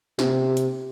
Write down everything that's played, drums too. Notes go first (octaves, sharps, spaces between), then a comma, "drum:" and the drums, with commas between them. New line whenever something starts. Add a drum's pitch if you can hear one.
C3, drum: snare
drum: hi-hat